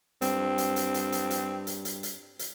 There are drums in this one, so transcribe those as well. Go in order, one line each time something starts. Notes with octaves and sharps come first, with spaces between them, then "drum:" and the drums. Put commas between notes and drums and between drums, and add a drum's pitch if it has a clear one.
G2 C4, drum: hi-hat
drum: hi-hat
drum: hi-hat
drum: hi-hat
drum: hi-hat
drum: hi-hat
drum: hi-hat
drum: hi-hat
drum: hi-hat
drum: hi-hat